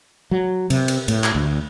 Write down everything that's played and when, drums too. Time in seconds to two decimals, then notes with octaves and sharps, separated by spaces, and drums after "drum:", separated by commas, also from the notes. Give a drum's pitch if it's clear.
0.31 F#3
0.70 C3, drum: cymbal
0.88 drum: cymbal
1.08 A2, drum: cymbal
1.24 drum: clap
1.35 D2